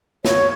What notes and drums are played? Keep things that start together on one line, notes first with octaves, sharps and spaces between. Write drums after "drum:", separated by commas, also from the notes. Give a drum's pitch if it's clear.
C#5, drum: snare